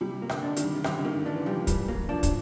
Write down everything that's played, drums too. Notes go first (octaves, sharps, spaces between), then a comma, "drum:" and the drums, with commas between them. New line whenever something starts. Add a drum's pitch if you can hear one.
C3 G3
A#3
D3, drum: rim click
D4
D#3, drum: hi-hat
G3
C#3
D3 G3, drum: rim click
D#3 A#3
E3 D4
F3 G3
E3 G3, drum: kick, hi-hat
F#3 A#3
F3 D4
drum: kick, hi-hat